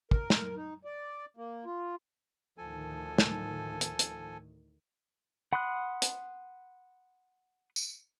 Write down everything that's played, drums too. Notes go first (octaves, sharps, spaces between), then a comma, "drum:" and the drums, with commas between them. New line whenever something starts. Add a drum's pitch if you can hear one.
A#4, drum: kick
drum: snare
D#4
D5
A#3
F4
D2 A2 D#3 F3 A4 G#5
drum: snare
drum: hi-hat
drum: hi-hat
F#5 B5 C6 D#6 F#6
drum: hi-hat
drum: tambourine